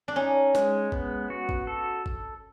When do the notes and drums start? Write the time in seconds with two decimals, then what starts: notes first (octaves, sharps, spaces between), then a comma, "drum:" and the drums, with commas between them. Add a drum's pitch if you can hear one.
0.08 D4
0.16 C#4 D#4
0.55 G#3, drum: snare
0.92 B3, drum: kick G#1
1.30 F#4
1.49 drum: kick G#1
1.67 A4
2.06 drum: kick G#1